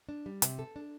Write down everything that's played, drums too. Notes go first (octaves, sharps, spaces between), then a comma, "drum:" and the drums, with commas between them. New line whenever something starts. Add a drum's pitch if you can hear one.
D4
G3
C3, drum: hi-hat
A4
D4